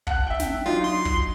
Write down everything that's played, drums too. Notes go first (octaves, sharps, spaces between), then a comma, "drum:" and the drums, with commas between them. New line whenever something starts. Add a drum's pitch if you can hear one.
F#5 A5 F#6, drum: kick
E5 G5
drum: snare
F#3 D4 D#4 F4
C6
drum: kick